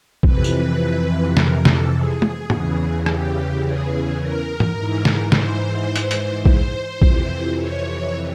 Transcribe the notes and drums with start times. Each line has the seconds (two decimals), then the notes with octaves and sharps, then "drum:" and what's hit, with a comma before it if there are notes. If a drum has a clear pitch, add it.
0.23 F2 C3 E3 B4, drum: kick A#1
0.44 drum: tambourine
1.37 A#4, drum: snare
1.65 A4, drum: snare
1.93 G#4
2.22 drum: tom
2.50 E2 C#3 E3, drum: tom
3.06 G4, drum: rim click
3.63 G#4
4.19 A#4
4.60 drum: tom
4.76 G#2 E3
5.05 drum: snare
5.32 C5, drum: snare
5.96 drum: hi-hat
6.11 drum: hi-hat
6.45 C5, drum: kick A#1
7.02 F2 C3 E3, drum: kick A#1
7.58 C#5
7.86 C#5